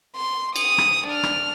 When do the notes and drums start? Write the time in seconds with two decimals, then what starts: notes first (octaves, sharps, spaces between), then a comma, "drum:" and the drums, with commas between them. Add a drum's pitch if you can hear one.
0.16 C6
0.56 D#6, drum: cymbal
0.78 drum: rim click
1.07 D4 F6
1.23 drum: rim click